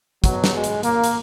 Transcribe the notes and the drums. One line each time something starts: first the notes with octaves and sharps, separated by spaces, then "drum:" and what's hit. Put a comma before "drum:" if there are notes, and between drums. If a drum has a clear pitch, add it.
B2 F#3, drum: kick, hi-hat
drum: snare
G#3
drum: hi-hat
A#3, drum: hi-hat
drum: hi-hat